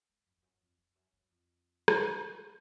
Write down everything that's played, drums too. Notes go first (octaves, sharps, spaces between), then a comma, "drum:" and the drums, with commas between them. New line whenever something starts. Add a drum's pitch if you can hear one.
G#2
F#2
F2
F#2
F#2
F2
F2
F#2
F#2
F2
drum: rim click
D#3
C#3
D#3